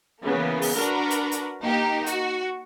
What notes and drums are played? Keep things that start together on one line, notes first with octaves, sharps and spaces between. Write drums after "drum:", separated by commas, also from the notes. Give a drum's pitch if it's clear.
C#3 E3 A#3 B3
drum: open hi-hat
D4 F#4 A#4 B4 A#5
drum: hi-hat
drum: hi-hat
A#3 D#4 G4
F#4, drum: hi-hat